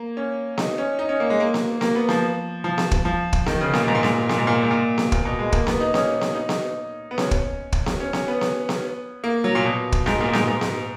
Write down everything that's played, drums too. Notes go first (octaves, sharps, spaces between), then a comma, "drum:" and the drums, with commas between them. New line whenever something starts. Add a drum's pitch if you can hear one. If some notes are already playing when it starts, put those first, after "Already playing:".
Already playing: A#3
C#4
D#4, drum: snare B3
C#4
D#4
C#4
A#3
G#3
A#3
drum: snare B3
A#3, drum: snare B3
B3
F3, drum: snare B3
F3
drum: snare B3
drum: kick
F3
drum: kick
D#3, drum: snare B3
C#3
A#2, drum: snare B3
G#2
A#2
G#2, drum: snare B3
A#2, drum: snare B3
G#2
A#2
G#2
A#2
drum: snare B3
A#2, drum: kick
B2
G#3
A#3, drum: kick
B3, drum: snare B3
D#4
C#4, drum: snare B3
drum: snare B3
D#4
drum: snare B3
B3
C#4, drum: snare B3
drum: kick
drum: kick
drum: snare B3
C#4
C#4, drum: snare B3
B3
drum: snare B3
drum: snare B3
A#3
F#3
A#2
B2
drum: kick
G#2, drum: snare B3
A#2
G#2, drum: snare B3
G#2
drum: snare B3